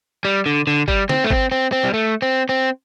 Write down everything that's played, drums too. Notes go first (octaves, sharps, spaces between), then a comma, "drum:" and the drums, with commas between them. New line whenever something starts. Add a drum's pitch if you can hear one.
G3
D3
D3
G3, drum: kick G1
C4, drum: snare
A3
C4, drum: kick G1
C4
C4
G3
A3
C4
C4